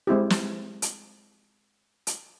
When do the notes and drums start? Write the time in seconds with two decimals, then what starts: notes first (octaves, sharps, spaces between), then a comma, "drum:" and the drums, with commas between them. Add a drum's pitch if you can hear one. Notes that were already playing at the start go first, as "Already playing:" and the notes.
0.07 G#3 C4 E4 G4
0.30 drum: snare
0.82 drum: hi-hat
2.07 drum: hi-hat